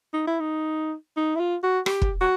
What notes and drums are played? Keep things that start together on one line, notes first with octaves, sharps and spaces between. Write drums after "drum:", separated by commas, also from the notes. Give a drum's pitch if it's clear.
D#4
E4
D#4
D#4
E4
F4
F#4
G4, drum: rim click
drum: kick
F#4